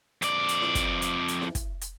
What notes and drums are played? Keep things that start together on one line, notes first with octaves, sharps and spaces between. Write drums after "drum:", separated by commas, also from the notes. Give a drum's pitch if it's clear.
F2 D5, drum: hi-hat
drum: hi-hat
drum: snare E4
drum: kick, hi-hat
drum: hi-hat
drum: hi-hat
drum: snare E4
drum: kick, hi-hat
drum: hi-hat